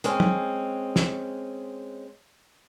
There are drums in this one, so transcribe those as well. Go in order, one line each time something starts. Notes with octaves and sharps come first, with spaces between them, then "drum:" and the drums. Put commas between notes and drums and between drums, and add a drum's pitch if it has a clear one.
G#3 C4 C#4, drum: hi-hat
drum: tom
drum: snare